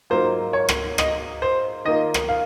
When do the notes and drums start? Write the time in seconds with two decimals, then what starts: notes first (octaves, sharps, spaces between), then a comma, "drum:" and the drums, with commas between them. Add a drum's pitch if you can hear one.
0.10 G#2 F#3 A#3 F4 C5
0.53 C#5
0.69 drum: rim click
0.98 D#5, drum: rim click
1.42 C5
1.85 D#3 A#3 F4 D#5
2.14 drum: rim click
2.29 F5